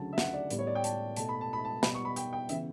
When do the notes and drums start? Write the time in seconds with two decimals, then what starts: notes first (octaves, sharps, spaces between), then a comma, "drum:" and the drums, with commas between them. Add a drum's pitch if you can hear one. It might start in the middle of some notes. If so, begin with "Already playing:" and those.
Already playing: D2 C#3 F#3 A5
0.13 E5
0.18 F#5, drum: snare
0.34 D5
0.50 A2 G3 B3, drum: hi-hat
0.59 C#5
0.67 D5
0.75 G5
0.84 A5, drum: hi-hat
1.16 B2 A3 A5, drum: hi-hat
1.29 B5
1.41 A5
1.53 B5
1.65 A5
1.83 B2 G3 B3 B5, drum: snare
1.95 C#6
2.05 B5
2.16 G5, drum: hi-hat
2.33 G5
2.49 C#3 E3 B3 E5, drum: hi-hat